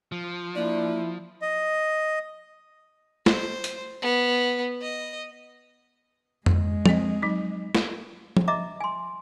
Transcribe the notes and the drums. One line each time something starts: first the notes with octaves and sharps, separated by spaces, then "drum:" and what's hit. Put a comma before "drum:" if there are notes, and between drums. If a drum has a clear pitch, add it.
F3
A#3 D4 E4
D#5
C5, drum: snare
drum: hi-hat
B3
D#5
G#3, drum: tom F2
C4 D#5, drum: tom F3
F#3 D#4
drum: snare
drum: tom F3
D#5 E5 A#5 D6
G#5 C6